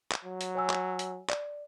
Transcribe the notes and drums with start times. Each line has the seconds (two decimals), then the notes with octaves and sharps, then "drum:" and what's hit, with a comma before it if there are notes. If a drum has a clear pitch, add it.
0.11 drum: clap
0.25 F#3
0.41 drum: hi-hat
0.55 C#5 G#5 E6
0.70 drum: clap
0.99 drum: hi-hat
1.29 D5, drum: clap